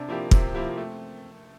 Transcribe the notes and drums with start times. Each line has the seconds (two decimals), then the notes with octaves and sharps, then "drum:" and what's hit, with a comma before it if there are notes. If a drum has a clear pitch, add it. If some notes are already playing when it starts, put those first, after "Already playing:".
Already playing: C3 D4
0.09 F3 A#3 E4 G4
0.31 C3 C4, drum: kick
0.55 F3 A#3 E4 G4
0.78 A3